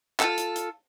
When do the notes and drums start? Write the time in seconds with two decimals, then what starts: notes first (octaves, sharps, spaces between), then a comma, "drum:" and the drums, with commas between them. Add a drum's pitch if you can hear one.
0.20 F4 A4, drum: clap
0.38 drum: hi-hat
0.56 drum: hi-hat